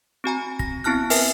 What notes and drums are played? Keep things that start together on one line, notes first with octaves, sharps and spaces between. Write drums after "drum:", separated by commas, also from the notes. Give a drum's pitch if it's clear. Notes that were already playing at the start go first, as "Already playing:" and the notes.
C4 F#4 G#5 A#5
A#6, drum: kick
B3 C4 E4 A5 F6 F#6
A#4 B4 E5 G#5 F6, drum: open hi-hat